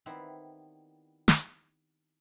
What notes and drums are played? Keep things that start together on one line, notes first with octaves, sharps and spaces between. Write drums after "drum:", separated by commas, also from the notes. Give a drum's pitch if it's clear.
D#3 G3 B3 C4 E4
drum: snare